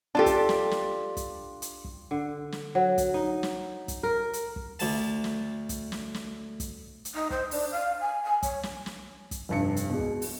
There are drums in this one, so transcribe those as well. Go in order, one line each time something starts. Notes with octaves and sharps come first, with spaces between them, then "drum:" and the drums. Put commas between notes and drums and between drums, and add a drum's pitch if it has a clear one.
D4 F4 G4 A4 A5
drum: kick, hi-hat
drum: snare
drum: snare
drum: kick, hi-hat
drum: hi-hat
drum: kick
D3
drum: snare
F#3
drum: kick, hi-hat
D#4
drum: snare
drum: kick, hi-hat
A#4
drum: hi-hat
drum: kick
D2 A5, drum: open hi-hat
drum: snare
drum: kick, hi-hat
drum: snare
drum: snare
drum: kick, hi-hat
drum: hi-hat
D#4
C5, drum: kick
D4, drum: open hi-hat
F5
G#5
G#5
C#5, drum: kick, hi-hat
drum: snare
drum: snare
drum: kick, hi-hat
F1 G2 C#7
drum: hi-hat
B2 G#3
drum: kick
drum: open hi-hat